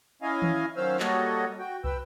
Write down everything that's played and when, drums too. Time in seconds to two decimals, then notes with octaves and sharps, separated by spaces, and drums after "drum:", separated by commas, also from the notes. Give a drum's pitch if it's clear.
0.22 C#4 E4 D#5 F5 G#5
0.42 drum: tom D#3
0.76 D#3 F#3 C#4 C5 F5 E6
1.00 G3 A#3 F#4 A4 C#5 D#5, drum: clap
1.59 F#4 G5
1.84 B4 G5 E6, drum: kick